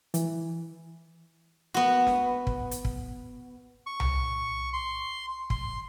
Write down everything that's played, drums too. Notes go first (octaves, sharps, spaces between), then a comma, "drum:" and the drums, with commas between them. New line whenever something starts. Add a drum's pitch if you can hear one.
E3, drum: hi-hat
B3 F#4
drum: snare
drum: kick
drum: hi-hat
drum: kick
C#6
drum: tom C2
C6
C6, drum: kick